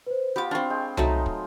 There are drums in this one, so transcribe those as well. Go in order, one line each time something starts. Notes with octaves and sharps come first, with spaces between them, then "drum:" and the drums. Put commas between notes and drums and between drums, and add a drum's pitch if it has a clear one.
B4 C5
B3 F4 G4 B5 D6
C4 D4 F5 C6 C#6
G#3 G5
F#3 A3 D#4 C6, drum: tom C2
drum: kick